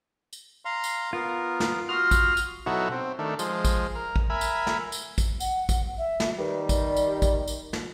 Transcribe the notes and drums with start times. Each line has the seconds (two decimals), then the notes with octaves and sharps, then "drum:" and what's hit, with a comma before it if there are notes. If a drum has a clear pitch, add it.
0.33 drum: tambourine
0.65 F5 A#5 C6
0.84 drum: tambourine
1.13 B3 F4 A#4
1.60 drum: snare
1.89 F#4 C6 D#6 F6
2.11 drum: kick, tambourine
2.37 drum: tambourine
2.66 B2 F#3 D#4 E4 F#4 A4
2.92 C4
3.19 D#3 A3 D4
3.39 F3 G#3, drum: tambourine
3.65 drum: kick, tambourine
3.95 A#4
4.16 drum: kick
4.30 A#4 E5 G#5 B5
4.41 drum: tambourine
4.67 drum: snare
4.92 drum: tambourine
5.18 drum: kick, tambourine
5.40 F#5, drum: tambourine
5.69 drum: kick, tambourine
5.98 E5
6.20 drum: snare
6.38 D#3 G3 B4
6.69 D5, drum: kick, tambourine
6.96 drum: tambourine
7.22 drum: kick, tambourine
7.48 drum: tambourine
7.73 drum: snare